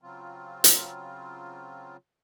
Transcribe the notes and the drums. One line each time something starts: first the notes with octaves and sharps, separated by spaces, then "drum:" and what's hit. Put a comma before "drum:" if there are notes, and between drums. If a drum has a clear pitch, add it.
C#3 F#3 C4 F4
drum: hi-hat